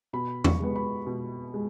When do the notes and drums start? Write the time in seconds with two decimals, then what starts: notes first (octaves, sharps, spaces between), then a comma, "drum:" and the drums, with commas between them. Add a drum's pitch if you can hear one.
0.13 B2 B5
0.44 C#6, drum: tom E2
0.60 G#3 B3
0.76 B5
1.07 B2
1.54 G#3